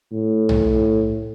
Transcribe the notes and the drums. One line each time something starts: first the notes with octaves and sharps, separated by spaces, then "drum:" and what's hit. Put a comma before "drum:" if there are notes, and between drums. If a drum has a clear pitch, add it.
A2
drum: tom B1